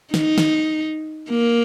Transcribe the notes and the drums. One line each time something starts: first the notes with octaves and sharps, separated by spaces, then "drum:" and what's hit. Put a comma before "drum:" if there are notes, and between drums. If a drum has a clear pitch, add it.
D#4, drum: snare
drum: snare
A#3